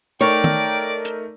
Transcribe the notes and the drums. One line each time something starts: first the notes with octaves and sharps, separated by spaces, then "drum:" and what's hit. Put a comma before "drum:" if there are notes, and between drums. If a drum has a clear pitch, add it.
A3 D#4 A#4 C#5 D5 G5
drum: tom D#3
drum: hi-hat